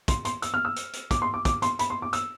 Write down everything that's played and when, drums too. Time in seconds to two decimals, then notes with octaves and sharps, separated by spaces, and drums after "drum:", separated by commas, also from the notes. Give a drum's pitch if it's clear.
0.08 C6, drum: kick, hi-hat
0.25 C6, drum: hi-hat
0.42 E6, drum: hi-hat
0.54 F6
0.65 E6
0.76 drum: hi-hat
0.93 drum: hi-hat
1.11 D6, drum: kick, hi-hat
1.22 C6
1.34 D6
1.45 D6, drum: kick, hi-hat
1.62 C6, drum: hi-hat
1.79 B5, drum: hi-hat
1.90 C6
2.02 D6
2.13 E6, drum: hi-hat